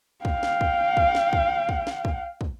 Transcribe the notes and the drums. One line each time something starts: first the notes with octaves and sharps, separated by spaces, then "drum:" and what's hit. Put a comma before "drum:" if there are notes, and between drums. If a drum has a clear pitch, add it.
F5 G5, drum: kick
drum: snare
drum: kick
drum: kick
drum: snare
drum: kick
drum: kick
drum: snare
drum: kick
drum: kick